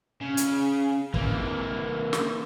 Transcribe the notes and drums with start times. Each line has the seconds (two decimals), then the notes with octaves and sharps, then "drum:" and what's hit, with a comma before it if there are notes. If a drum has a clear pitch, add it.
0.21 C#3
0.37 drum: hi-hat
1.14 E3 A#3, drum: kick
2.13 drum: snare